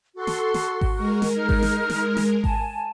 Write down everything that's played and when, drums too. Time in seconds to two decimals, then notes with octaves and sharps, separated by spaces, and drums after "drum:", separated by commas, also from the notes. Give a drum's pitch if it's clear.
0.15 F#4 A4 C6
0.27 drum: snare
0.54 drum: snare
0.81 drum: kick G#1
0.95 G#3 A#4
1.22 drum: snare
1.35 D#4 F6
1.49 drum: kick G#1
1.63 drum: snare
1.90 drum: snare
2.17 drum: snare
2.44 G#5 A5, drum: kick G#1